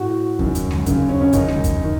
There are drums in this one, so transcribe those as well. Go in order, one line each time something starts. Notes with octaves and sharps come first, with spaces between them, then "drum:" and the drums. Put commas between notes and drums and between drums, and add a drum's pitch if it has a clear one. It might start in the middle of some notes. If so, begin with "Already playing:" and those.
Already playing: A2 F#4
F#2 D#3, drum: kick D#2
drum: hi-hat
drum: snare G#3
F#2 C#3, drum: kick D#2, hi-hat
C#4
C#4
F#2 D#3 D#4, drum: kick D#2, hi-hat
drum: snare G#3
drum: kick D#2, hi-hat
D#3